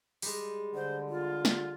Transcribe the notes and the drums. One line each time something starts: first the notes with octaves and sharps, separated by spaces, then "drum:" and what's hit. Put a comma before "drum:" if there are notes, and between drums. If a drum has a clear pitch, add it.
G3 G#3, drum: open hi-hat
D3 C5
F4
drum: snare